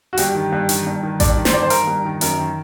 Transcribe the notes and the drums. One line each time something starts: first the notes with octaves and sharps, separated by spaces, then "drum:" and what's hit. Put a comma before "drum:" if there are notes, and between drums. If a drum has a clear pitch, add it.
F#4
G2 G4, drum: hi-hat
D#3
G2
D#3, drum: hi-hat
G2
D#3
G2 D5, drum: kick A1, hi-hat
D#3
C5, drum: snare
G2 D5
C5
D#3 A#4, drum: hi-hat
G2
D#3
F#2 A#4, drum: hi-hat
D#3